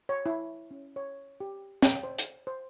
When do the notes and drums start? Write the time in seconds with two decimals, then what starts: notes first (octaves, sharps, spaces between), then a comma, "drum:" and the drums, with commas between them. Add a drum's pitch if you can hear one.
0.09 C#5
0.26 E4
0.71 C#4
0.96 C#5
1.40 G4
1.82 G5, drum: snare
2.04 C5
2.18 drum: hi-hat
2.47 C5